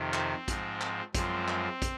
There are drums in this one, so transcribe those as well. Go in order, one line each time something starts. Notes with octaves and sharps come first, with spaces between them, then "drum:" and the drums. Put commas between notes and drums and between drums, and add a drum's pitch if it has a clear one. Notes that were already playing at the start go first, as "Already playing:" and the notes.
Already playing: F2 C3 D#3
C4, drum: clap
G#2 F3 G#3, drum: kick, hi-hat
drum: clap
F#2 F3 G#3 C4, drum: kick, hi-hat
drum: clap
drum: kick, hi-hat